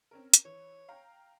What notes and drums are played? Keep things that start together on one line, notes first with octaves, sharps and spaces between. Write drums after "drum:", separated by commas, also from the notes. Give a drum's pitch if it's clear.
C4 C#4 A#4
drum: hi-hat
E3 C#5
F5 G5 A#5